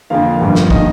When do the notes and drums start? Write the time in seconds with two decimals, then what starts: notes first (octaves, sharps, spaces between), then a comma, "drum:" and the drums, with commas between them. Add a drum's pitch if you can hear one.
0.10 F2 D3 F3 A#3 F5
0.41 G1 G2 F3
0.55 drum: snare
0.70 D#3 A#3 D#5, drum: kick